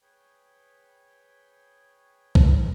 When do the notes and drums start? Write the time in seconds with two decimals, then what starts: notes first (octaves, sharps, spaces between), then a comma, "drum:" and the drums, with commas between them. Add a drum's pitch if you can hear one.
0.01 G#4 B4 C#5 G5
2.35 drum: kick A#1